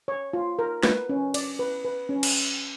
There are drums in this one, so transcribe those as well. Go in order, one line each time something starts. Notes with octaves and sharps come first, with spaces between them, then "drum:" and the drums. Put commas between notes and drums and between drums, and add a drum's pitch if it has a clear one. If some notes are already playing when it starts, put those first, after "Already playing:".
C#5
F4
A#4
B4, drum: snare
C#4
D5, drum: cymbal
B4
B4
C#4
drum: cymbal